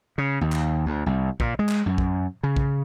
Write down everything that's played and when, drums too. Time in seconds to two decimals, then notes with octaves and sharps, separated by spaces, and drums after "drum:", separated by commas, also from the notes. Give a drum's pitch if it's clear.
0.18 C#3
0.41 D#2
0.52 drum: clap
0.86 D2
1.06 C2
1.40 A#2, drum: kick
1.59 G#3
1.69 drum: clap
1.86 F#2
1.98 drum: kick
2.43 C#3
2.56 drum: kick